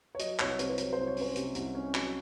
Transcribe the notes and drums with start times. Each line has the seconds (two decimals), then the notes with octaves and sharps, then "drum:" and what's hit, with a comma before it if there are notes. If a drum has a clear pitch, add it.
0.15 C#5
0.19 F#3 D#5, drum: hi-hat
0.39 C2 C#5, drum: clap
0.59 C3 C5, drum: hi-hat
0.70 C5
0.78 F#3 C#5, drum: hi-hat
0.93 C5
0.98 C2
1.07 C#5
1.17 C#4 C5, drum: open hi-hat
1.36 C3, drum: hi-hat
1.55 C2, drum: hi-hat
1.75 C#4
1.94 F#3, drum: clap